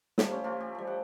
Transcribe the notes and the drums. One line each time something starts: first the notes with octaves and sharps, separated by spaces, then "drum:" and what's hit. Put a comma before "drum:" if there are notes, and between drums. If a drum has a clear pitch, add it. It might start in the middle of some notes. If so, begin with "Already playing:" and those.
F3 G3 A3, drum: snare
C4 C#4 G4
E3 A3 F4 G4
G4
F3 G3
F#5 G5